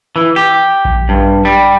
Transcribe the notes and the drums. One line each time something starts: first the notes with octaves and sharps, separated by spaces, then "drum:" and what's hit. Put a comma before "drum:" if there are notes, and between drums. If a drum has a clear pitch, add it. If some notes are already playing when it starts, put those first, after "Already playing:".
E3
G4
drum: kick A#1
G2
G3